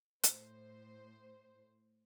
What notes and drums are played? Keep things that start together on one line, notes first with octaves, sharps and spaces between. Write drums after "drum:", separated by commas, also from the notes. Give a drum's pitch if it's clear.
A2 C5, drum: hi-hat